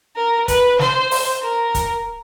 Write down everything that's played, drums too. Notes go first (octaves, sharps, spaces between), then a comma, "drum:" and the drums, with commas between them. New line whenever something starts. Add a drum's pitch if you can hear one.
A#4
B4, drum: kick, hi-hat
C5, drum: snare
drum: open hi-hat
A#4
drum: kick, hi-hat